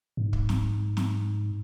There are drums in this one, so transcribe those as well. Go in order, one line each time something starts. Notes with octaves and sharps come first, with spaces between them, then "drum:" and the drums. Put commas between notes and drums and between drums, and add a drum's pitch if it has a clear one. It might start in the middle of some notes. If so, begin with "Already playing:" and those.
G#2
drum: kick
drum: snare
drum: snare